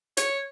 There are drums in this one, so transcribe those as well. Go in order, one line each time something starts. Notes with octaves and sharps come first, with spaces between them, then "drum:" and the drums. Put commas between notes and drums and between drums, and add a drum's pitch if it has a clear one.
C#5, drum: hi-hat